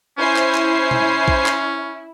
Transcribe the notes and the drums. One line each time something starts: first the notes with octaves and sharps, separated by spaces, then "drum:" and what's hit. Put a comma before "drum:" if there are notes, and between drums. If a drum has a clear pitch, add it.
C#4 E4 C5 G#5 C7
drum: clap
drum: clap
drum: tom B2
drum: kick A#1
drum: clap